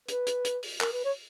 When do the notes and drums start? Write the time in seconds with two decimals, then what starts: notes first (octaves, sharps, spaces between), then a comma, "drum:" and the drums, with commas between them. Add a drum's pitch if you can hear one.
0.08 B4, drum: hi-hat
0.27 drum: hi-hat
0.45 drum: hi-hat
0.63 drum: open hi-hat
0.81 A#4, drum: clap
0.93 B4
1.05 C#5